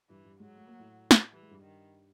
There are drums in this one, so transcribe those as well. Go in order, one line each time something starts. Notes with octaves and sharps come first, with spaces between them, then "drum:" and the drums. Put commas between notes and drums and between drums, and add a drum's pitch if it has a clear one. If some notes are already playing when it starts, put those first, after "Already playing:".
G2 E3 G3
G2 G3
G#2 F#3 G#3
A3
A#3
A2 A3
drum: snare
E3 G3
G#3
G2 G3
D#3